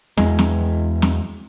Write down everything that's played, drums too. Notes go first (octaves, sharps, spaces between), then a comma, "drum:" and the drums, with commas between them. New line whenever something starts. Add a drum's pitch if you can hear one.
E2 G#3, drum: snare
drum: snare
drum: snare